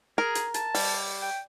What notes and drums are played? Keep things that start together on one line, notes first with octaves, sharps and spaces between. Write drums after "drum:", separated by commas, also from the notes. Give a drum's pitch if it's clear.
G#4 A#4
drum: hi-hat
A5, drum: hi-hat
G3, drum: open hi-hat
G5